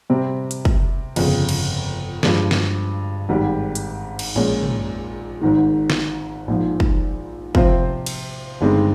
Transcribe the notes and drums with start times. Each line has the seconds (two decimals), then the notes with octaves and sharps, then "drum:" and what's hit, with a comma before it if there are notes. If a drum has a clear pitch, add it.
0.10 C3 G3 C4
0.51 drum: hi-hat
0.65 drum: kick
1.16 G1 F2 C#3, drum: cymbal
1.49 drum: cymbal
2.23 G2 F3 G#3, drum: snare
2.51 drum: snare
3.29 G#1 G#2 G3
3.75 drum: hi-hat
4.19 drum: cymbal
4.35 A#1 A#2 G#3 C#4
4.63 drum: tom
5.41 G#1 G#2 D#3
5.90 drum: snare
6.47 A#1 G#2 F3
6.80 drum: kick
7.55 C3 F3 C4 F4 C5, drum: kick
8.06 drum: cymbal
8.61 G1 G2 D#3 G#3 C4